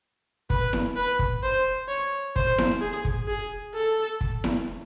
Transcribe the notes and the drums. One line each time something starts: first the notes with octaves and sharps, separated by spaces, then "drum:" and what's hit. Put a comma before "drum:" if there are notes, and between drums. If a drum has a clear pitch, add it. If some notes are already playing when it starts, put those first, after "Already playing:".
B4, drum: kick
drum: snare E4
B4
drum: kick
C5
C#5
C5, drum: kick
drum: snare E4
G#4
drum: kick
G#4
A4
drum: kick
drum: snare E4